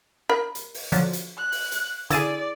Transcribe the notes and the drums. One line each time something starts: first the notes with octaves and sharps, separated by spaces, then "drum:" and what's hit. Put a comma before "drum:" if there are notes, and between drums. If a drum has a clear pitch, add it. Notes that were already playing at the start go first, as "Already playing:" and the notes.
A#4 B5
drum: hi-hat
drum: open hi-hat
D3 F3 F#3, drum: hi-hat
drum: hi-hat
F#6
drum: open hi-hat
drum: hi-hat
D3 E4 G#4 D5 A6 D#7, drum: hi-hat